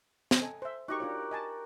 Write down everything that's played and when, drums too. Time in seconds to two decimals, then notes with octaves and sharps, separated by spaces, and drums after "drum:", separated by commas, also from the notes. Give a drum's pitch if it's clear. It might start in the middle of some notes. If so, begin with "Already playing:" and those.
0.31 drum: snare
0.42 A4 D#5 G#5
0.62 C5 E5
0.88 D#4 F#4 G4 A#4 D#5 C#6
1.00 D4 F4 C#5
1.31 D#5 G#5 A5